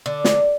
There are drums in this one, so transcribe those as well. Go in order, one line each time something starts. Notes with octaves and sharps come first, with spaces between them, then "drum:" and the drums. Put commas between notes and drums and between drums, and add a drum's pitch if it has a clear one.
D3
drum: snare